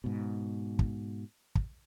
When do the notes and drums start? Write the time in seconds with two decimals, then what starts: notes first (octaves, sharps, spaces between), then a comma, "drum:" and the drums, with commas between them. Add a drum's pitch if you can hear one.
0.04 G#2 B2
0.79 drum: kick
1.56 drum: kick